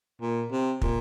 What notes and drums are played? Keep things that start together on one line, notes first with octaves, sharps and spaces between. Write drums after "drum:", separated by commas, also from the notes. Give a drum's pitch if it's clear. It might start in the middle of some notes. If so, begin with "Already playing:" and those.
A#2
C3
A#2, drum: kick